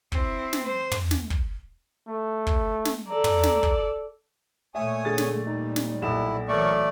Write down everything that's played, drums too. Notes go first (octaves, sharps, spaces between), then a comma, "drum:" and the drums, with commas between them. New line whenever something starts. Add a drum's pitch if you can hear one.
C4 E4, drum: kick
drum: snare
C5
drum: tom
drum: snare
drum: kick
A3
drum: kick
drum: snare
A4 D5 A#5
drum: tom
drum: snare
drum: kick
A#2 A3 C#5 E5 G#5 D#6
D3 G#3 A6
drum: snare
D#2 G3 D#4
drum: snare
B1 A#2 E4 E7
E3 F#3 A3 A#4 C#5 D5 C#6